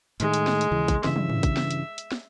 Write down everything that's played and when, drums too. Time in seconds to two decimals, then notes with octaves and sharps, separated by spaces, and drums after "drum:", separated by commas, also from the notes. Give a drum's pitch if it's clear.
0.20 A2 D#3 G#3 A3, drum: hi-hat
0.34 drum: hi-hat
0.47 drum: snare
0.61 drum: hi-hat
0.71 D#2 C#3 E3
0.88 drum: kick, hi-hat
1.04 G2 C#3 E3 E5, drum: snare
1.16 drum: tom
1.29 drum: tom
1.43 drum: kick, hi-hat
1.57 drum: snare
1.71 drum: hi-hat
1.98 drum: hi-hat
2.12 drum: snare